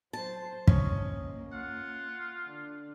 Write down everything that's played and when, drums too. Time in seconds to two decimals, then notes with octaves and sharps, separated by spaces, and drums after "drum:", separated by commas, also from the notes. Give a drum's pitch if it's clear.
0.13 F#3 C5 A5
0.67 A#3 C#4 D#5, drum: kick
1.53 F4 F#5
2.47 D3 D4